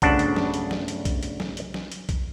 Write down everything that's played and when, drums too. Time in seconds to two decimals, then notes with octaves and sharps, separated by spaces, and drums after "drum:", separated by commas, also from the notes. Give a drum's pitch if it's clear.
0.02 G1 D2 C#3 D4 F#5 A5, drum: kick B1, hi-hat
0.19 drum: hi-hat
0.36 drum: snare
0.54 drum: hi-hat
0.71 drum: snare
0.88 drum: hi-hat
1.05 drum: kick B1, hi-hat
1.23 drum: hi-hat
1.40 drum: snare
1.57 drum: hi-hat
1.74 drum: snare
1.92 drum: hi-hat
2.09 drum: kick B1, hi-hat